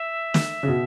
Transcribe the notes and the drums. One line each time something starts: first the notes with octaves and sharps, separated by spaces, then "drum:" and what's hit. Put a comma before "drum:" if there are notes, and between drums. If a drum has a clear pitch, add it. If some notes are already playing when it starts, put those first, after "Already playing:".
Already playing: E5
drum: snare
C#3
B2